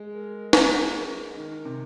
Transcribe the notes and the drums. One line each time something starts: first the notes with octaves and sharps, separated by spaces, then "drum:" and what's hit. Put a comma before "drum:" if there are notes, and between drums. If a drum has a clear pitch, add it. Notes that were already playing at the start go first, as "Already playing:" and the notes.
Already playing: G#3
A#4
A#4, drum: snare
A#4
D#3 A#4
C3